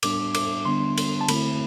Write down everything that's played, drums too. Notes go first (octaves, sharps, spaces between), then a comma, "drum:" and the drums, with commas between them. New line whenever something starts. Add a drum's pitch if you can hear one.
A2 G3 B3 D4 D6, drum: cymbal
D6, drum: cymbal
D3 G3 B3 D4 C6
drum: cymbal
A5
D3 A3 C4 E4 B5, drum: cymbal